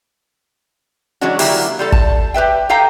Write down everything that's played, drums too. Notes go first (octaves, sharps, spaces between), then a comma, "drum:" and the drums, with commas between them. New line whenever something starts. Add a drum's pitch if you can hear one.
E3 F#3 G#3 C#4 D4 F#4
D3 F#3 A#3 E4 G4, drum: open hi-hat
G3 F4 A4
A5, drum: kick
G4 B4 E5 G5
G4 A4 F5 G5 A#5